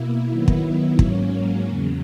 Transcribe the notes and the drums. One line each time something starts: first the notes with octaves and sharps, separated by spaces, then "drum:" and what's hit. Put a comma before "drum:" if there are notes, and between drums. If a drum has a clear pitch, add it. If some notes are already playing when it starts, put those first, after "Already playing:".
Already playing: B2 A#3 E4
D#3 F#3 B3 E4
drum: kick
G#2 F#3 A#3 C#4, drum: kick
E2 C#3 F#3